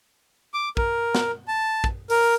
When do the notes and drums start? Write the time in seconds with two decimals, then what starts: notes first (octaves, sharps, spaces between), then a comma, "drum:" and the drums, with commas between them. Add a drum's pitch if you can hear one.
0.54 D6
0.77 A#4, drum: kick
1.15 drum: snare
1.48 A5
1.84 drum: kick
2.10 A#4, drum: open hi-hat